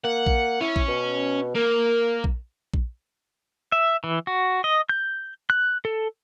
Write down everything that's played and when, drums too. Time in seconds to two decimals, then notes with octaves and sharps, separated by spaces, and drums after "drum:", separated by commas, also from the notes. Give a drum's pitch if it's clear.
0.04 A#3 F#5
0.26 drum: kick A#1
0.61 C#4 E4
0.76 drum: kick A#1
0.88 B2
1.55 A#3 A#4
2.24 drum: kick A#1
2.74 drum: kick A#1
3.72 E5
4.04 E3
4.27 F#4
4.64 D#5
4.89 G6
5.50 F#6
5.85 A4